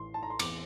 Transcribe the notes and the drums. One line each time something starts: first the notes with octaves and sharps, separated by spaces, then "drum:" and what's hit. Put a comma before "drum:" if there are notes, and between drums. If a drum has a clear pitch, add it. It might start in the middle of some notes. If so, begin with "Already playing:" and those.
Already playing: A1 E3 C6
A5
A#5
C6
E2 D6, drum: cymbal